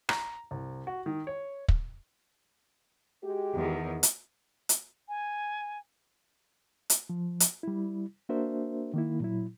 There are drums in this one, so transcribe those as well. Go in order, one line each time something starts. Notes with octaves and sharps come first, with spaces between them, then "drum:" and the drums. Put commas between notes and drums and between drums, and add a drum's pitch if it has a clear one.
A#5, drum: rim click
C2
F#4
D#3
C#5
drum: kick
G#3 F#4 G4
E2 D#3
drum: hi-hat
drum: hi-hat
G#5
drum: hi-hat
F3
drum: hi-hat
G3 E4
A#3 D4 F#4 A#4 C5 E5
D#3 A#3 E4
A#2 F#3 E4